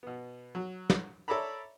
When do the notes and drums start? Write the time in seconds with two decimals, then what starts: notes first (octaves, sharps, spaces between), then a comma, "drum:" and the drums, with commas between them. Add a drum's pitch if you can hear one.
0.03 B2 B3
0.55 F#3
0.90 drum: snare
1.28 A4 C#5 D5 E5 A#5 B5